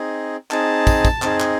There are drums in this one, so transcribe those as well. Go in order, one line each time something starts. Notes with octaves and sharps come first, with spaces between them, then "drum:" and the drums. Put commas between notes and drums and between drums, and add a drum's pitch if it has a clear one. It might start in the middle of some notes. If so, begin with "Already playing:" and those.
Already playing: C4 D#4 G#4
C4 D#4 G#4 A5, drum: clap
drum: kick, tambourine
drum: kick, tambourine
C4 D#4 G#4, drum: clap
drum: clap